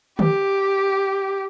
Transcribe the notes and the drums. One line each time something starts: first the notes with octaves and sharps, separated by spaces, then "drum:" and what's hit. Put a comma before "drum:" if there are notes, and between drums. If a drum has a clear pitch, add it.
G4, drum: tom D3